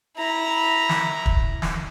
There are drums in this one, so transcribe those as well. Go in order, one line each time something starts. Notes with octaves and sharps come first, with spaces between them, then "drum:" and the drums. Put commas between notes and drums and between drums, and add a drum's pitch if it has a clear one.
E4 A#5
drum: snare
drum: kick
drum: snare